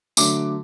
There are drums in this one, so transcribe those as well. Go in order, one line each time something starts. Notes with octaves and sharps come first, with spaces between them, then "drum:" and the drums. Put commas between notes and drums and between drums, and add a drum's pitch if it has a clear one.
D3 F#3 A3 D6, drum: tambourine